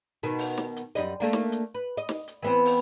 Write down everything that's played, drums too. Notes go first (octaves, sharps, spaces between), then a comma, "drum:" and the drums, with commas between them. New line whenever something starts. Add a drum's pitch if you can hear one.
B2 D#3
drum: open hi-hat
drum: snare
drum: hi-hat
F#2 G3 D#5, drum: hi-hat
A3 A#3 D4
drum: snare
drum: hi-hat
B4
D#5
drum: snare
drum: hi-hat
E3 B3 C4
drum: open hi-hat